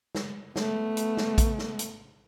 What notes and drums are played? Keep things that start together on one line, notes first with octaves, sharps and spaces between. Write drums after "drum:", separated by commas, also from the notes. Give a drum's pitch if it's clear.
drum: snare
A3 B3, drum: snare
drum: hi-hat
drum: snare
drum: kick A#1, hi-hat
drum: snare
drum: hi-hat